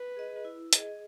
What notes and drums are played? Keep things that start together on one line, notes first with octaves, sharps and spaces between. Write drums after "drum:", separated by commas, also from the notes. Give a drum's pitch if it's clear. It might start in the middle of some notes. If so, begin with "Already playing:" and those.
Already playing: B4
G#4 D#5
E4
G#4 D#5, drum: hi-hat